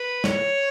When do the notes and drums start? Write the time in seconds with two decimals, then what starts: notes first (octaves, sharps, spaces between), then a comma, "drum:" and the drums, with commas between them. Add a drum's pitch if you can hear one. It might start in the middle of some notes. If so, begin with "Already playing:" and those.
Already playing: B4
0.24 C#5, drum: snare